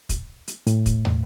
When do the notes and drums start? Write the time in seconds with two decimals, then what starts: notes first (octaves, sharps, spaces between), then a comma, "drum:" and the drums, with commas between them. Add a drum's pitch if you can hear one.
0.09 drum: kick, hi-hat
0.48 drum: hi-hat
0.67 A2, drum: hi-hat
0.86 drum: kick, hi-hat
1.05 drum: tom